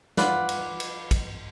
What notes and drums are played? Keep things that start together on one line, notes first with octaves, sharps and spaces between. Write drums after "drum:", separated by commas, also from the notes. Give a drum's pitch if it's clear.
F4 B4 D5 F#5, drum: snare
drum: cymbal
drum: cymbal
drum: kick, cymbal